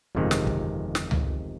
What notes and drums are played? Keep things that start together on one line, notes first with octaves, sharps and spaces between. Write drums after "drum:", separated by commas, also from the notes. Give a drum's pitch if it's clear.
G1 F2 C3 D#3 G#3
drum: snare
drum: kick
drum: snare
drum: tom C#2